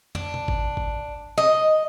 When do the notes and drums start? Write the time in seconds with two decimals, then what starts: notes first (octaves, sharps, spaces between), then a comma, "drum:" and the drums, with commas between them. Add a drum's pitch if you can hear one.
0.15 D4, drum: tom
0.34 drum: tom B2
0.48 drum: kick G#1
0.77 drum: kick G#1
1.38 D#5, drum: snare